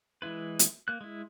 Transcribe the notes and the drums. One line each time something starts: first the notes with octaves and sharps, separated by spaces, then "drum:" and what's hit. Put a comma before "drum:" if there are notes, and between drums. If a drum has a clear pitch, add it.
E3 G#3 E4 B4
drum: hi-hat
A#3 F#6
G#3 E4